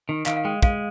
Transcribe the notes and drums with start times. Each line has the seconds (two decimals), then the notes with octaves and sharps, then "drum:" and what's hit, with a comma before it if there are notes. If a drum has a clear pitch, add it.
0.09 D#3
0.26 D#3 F5, drum: clap
0.37 F5
0.45 G#3 G5
0.63 G#3 F5, drum: kick